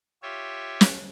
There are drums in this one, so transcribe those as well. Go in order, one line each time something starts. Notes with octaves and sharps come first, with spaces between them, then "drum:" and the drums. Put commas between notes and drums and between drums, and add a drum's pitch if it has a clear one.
F4 G4 C#5 E5
drum: snare